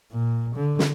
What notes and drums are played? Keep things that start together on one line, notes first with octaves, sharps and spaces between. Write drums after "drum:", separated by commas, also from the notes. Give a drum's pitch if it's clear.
A#2
D3
drum: snare